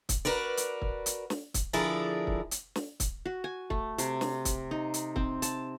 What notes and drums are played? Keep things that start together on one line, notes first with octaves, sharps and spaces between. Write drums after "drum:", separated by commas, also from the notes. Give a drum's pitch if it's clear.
drum: kick, hi-hat
F#4 A#4 B4 D5
drum: hi-hat
drum: kick
drum: hi-hat
drum: snare
drum: kick, hi-hat
D3 F3 E4 G#4 A#4 D5
drum: kick
drum: hi-hat
drum: snare
drum: kick, hi-hat
F#4
G#5
A3, drum: kick
C3, drum: hi-hat
drum: snare
drum: kick, hi-hat
D#4
drum: hi-hat
C4, drum: kick
A5, drum: hi-hat